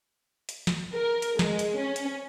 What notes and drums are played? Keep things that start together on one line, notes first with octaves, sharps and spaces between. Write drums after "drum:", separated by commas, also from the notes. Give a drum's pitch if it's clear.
drum: hi-hat
drum: snare
A#4
drum: hi-hat
G#3, drum: snare
drum: hi-hat
C#4
drum: hi-hat